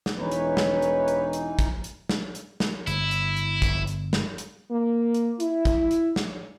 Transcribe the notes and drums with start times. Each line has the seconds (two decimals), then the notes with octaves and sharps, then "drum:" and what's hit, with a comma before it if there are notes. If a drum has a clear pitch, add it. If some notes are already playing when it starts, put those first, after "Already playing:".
0.06 drum: snare
0.18 E1 E3 D#4 B4 C#5
0.31 drum: hi-hat
0.57 drum: snare
0.82 drum: hi-hat
1.08 drum: hi-hat
1.33 drum: hi-hat
1.59 drum: kick, hi-hat
1.84 drum: hi-hat
2.09 drum: snare
2.35 drum: hi-hat
2.60 drum: snare
2.87 G1 E4, drum: hi-hat
3.11 drum: hi-hat
3.37 drum: hi-hat
3.62 drum: kick, hi-hat
3.87 drum: hi-hat
4.13 drum: snare
4.38 drum: hi-hat
4.70 A#3
5.15 drum: hi-hat
5.40 E4, drum: hi-hat
5.65 drum: kick, hi-hat
5.91 drum: hi-hat
6.16 drum: snare